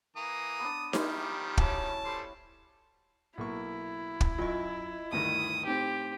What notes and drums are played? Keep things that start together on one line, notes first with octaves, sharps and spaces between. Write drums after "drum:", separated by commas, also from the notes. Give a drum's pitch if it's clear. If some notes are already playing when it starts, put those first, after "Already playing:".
E3 A#3 A#5 D#6
B3 D4
D#3 F3 G3 G#3 E4, drum: snare D#4
C#4 E4 F#4 A5, drum: kick
G3 A3 C5
B1 A#3 E4 C#6
drum: kick
F#2 F4 D#5
D2 G2 D#3 D#6
A2 C4 D#4 G4